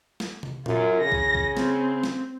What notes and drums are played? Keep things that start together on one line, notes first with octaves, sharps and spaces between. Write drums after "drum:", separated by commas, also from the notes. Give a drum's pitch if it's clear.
drum: snare
drum: tom
F#2 F4, drum: tom A#2
C#3 A#6
drum: kick
drum: kick
C4, drum: snare
drum: snare